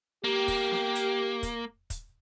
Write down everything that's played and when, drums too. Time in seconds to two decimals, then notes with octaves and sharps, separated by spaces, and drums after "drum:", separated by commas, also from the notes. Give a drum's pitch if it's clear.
0.24 A#3 G4
0.48 drum: kick, open hi-hat
0.72 drum: snare B3
0.95 drum: hi-hat
1.43 drum: kick, hi-hat
1.90 drum: kick, hi-hat